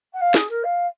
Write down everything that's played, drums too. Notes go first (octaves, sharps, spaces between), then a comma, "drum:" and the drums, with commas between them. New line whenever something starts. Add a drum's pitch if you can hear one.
F#5
F5
G#4, drum: snare
A#4
F5